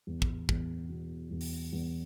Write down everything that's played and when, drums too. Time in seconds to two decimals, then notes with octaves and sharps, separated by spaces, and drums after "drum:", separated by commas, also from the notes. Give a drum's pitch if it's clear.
0.07 E2
0.22 drum: kick
0.49 E2, drum: kick
0.89 B2
1.31 E2
1.41 drum: open hi-hat
1.73 E2